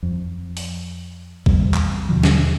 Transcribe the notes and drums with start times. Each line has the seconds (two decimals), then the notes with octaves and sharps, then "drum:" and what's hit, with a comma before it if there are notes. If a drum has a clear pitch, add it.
0.03 F2
0.57 drum: open hi-hat
1.46 E2 C3 G3, drum: kick
1.74 drum: clap
2.08 D#2 B2 D3 F3
2.23 drum: snare